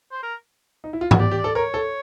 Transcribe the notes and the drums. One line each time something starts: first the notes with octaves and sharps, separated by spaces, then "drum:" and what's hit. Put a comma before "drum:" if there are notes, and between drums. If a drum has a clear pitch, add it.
C5
A#4
D#4
E4
F4
F#4, drum: tom G#2
G4 D5
G4
D5
A4
A#4 C#5
A4